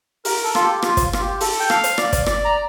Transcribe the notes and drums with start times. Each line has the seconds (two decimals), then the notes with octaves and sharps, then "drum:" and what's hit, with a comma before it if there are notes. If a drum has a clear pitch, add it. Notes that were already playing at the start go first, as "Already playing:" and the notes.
0.25 A#4, drum: open hi-hat
0.44 A4
0.55 F4, drum: rim click
0.64 G4
0.82 F4, drum: rim click
0.97 drum: kick, hi-hat
1.13 F4, drum: rim click
1.21 G4
1.40 A4, drum: open hi-hat
1.60 G5
1.70 F5, drum: rim click
1.84 drum: hi-hat
1.98 D5, drum: rim click
2.13 drum: kick, hi-hat
2.26 D5, drum: rim click
2.45 A#5